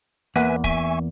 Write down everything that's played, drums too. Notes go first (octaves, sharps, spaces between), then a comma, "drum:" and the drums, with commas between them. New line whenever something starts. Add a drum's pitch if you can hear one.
E2 A#3 B4 E5 F#5 G#5
E5 G#5 C#6, drum: kick